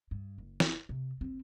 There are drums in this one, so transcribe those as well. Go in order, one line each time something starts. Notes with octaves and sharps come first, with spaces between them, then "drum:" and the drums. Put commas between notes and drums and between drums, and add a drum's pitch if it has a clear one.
G2
F#1
drum: snare
C3
F#1 C4